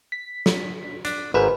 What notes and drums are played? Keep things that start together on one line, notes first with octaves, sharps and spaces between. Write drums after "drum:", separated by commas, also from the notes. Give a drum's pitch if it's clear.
B6
drum: snare
D4, drum: hi-hat
G#1 G#2 A#4 B4 E5